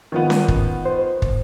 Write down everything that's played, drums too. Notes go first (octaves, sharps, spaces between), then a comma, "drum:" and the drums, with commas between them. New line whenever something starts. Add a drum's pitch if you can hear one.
D#3 F3 B3
drum: snare C#4
drum: kick
C5
drum: kick